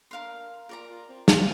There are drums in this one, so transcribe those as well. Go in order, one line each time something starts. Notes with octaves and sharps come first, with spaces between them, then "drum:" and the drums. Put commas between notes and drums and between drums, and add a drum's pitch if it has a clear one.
D4 A#4 F5 C6
F4 A#4 D5 A#5
F4
C4
G4 C5 F5 A#5 D6, drum: snare